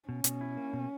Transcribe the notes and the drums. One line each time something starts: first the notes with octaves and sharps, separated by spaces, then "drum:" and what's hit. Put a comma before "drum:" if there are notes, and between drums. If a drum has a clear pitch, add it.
B2 C#4
B2, drum: hi-hat
E4
A#3
B2